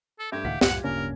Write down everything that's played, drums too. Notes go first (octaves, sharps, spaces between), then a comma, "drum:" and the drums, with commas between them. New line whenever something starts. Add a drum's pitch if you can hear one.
A4
G2 A3 G4 E5 G#6
C#2 A2 D#3 F5 F#5 B6
C2 F#2 A2 F4 G4 F#5, drum: snare
D1 G2 C#3 A#3 C#4 D4 A#4